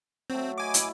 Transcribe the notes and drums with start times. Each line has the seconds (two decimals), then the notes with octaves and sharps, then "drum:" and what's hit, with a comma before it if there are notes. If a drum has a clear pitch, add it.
0.30 F#3 A3 C4
0.58 D#5 G#5 B5 D6
0.74 E4, drum: hi-hat